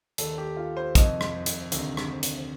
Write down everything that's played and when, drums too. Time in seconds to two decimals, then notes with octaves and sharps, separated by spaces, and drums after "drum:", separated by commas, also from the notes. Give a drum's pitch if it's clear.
0.18 D#2 D#3 A4, drum: hi-hat
0.38 G4
0.57 F4
0.77 C5
0.95 F2 C3 D#3 D#5, drum: kick, hi-hat
1.21 drum: rim click
1.46 drum: hi-hat
1.72 D2 C3 D#3, drum: hi-hat
1.97 drum: rim click
2.23 drum: hi-hat